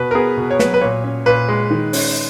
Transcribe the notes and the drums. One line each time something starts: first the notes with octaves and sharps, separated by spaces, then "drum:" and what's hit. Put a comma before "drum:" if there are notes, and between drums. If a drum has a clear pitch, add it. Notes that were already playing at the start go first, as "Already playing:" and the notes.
Already playing: B2 B4
A#4
B3 G#4
B2
C#5
F#3 B4, drum: snare
B4
A#2 C#5
C#4
A#2 B4
G#3
D#3
C#4, drum: open hi-hat